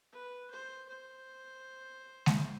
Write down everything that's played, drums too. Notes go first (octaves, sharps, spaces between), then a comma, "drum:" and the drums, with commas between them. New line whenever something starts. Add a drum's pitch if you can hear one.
B4
C5
C5
drum: snare G#3